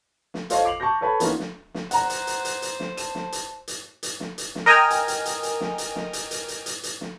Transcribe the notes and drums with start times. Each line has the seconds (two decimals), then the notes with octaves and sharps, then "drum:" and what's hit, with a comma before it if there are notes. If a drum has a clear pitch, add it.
0.34 drum: snare
0.50 F4 A4 C5 C#5 D#5 F5, drum: hi-hat
0.65 D6 C7 F7 F#7
0.80 A5 C#6 D6 G6 A#6
1.01 A4 B4 C#5 A5 B5
1.20 E3 A#3 B3 C#4 D#4 F4, drum: hi-hat
1.39 drum: snare
1.74 drum: snare
1.91 C5 F#5 A#5 F#6, drum: hi-hat
2.10 drum: hi-hat
2.27 drum: hi-hat
2.45 drum: hi-hat
2.62 drum: hi-hat
2.80 drum: snare
2.97 A5 E7, drum: hi-hat
3.15 drum: snare
3.32 drum: hi-hat
3.68 drum: hi-hat
4.03 drum: hi-hat
4.20 drum: snare
4.38 drum: hi-hat
4.55 drum: snare
4.66 A#4 D#5 G5 G#5 D#6 F6
4.90 drum: hi-hat
5.08 drum: hi-hat
5.25 drum: hi-hat
5.43 drum: hi-hat
5.61 drum: snare
5.78 drum: hi-hat
5.96 drum: snare
6.13 drum: hi-hat
6.31 drum: hi-hat
6.48 drum: hi-hat
6.66 drum: hi-hat
6.83 drum: hi-hat
7.01 drum: snare